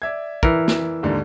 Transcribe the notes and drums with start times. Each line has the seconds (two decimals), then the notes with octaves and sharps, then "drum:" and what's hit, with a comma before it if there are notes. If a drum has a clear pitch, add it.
0.02 D5 E5 G#6
0.43 E3 A#4, drum: kick
0.68 drum: snare
1.03 D#2 G#2 D3